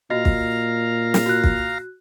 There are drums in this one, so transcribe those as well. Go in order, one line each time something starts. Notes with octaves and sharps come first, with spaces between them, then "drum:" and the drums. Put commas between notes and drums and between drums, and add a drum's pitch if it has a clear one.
A#2 F#4 D#5 F5 A#5
drum: kick
drum: snare
F#4 F#6
drum: kick